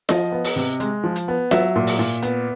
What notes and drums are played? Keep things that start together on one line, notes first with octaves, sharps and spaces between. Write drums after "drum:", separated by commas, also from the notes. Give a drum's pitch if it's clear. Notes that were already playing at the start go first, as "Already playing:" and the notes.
F3 D#5, drum: snare F4
B3
drum: open hi-hat
C3
G#3, drum: hi-hat
F3
drum: hi-hat
B3
F#3 E5, drum: snare F4
A#2
drum: open hi-hat
A#2
B3, drum: hi-hat